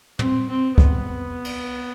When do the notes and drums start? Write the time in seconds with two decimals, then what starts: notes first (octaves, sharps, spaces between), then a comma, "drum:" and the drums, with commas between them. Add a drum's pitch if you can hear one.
0.19 C4, drum: tom
0.49 C4
0.78 B3, drum: kick
1.45 drum: cymbal